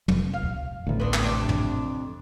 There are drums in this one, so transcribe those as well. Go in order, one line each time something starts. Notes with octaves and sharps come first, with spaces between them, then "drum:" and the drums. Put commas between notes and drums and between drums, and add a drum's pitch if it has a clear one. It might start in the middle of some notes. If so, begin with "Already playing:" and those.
F1, drum: tom
F5
drum: kick C#2
A1 D2
B3 C4 D4
drum: clap
F2 C3 D4
drum: tom